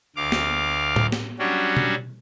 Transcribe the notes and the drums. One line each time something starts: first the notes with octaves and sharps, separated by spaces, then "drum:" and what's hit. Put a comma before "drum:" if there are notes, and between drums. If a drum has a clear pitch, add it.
D2 F5 D6
drum: snare
drum: tom A2
drum: snare
F#3 G3 C#4 D4 F#4
drum: tom B2